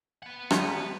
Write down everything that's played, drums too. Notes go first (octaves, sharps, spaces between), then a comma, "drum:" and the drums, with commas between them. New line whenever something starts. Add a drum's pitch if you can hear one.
B4 F#5
drum: rim click